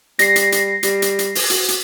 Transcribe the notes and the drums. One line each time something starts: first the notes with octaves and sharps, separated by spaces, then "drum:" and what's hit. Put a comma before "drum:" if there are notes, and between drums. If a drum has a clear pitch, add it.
G3 A#6 C7, drum: hi-hat
drum: hi-hat
drum: hi-hat
G3, drum: hi-hat
drum: hi-hat
drum: hi-hat
drum: open hi-hat
F#4, drum: hi-hat
drum: hi-hat